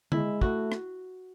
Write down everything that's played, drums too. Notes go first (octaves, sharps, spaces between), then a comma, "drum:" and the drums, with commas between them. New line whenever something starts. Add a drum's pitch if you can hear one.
G#3 E4, drum: tom D3
A3 F#4, drum: kick
drum: rim click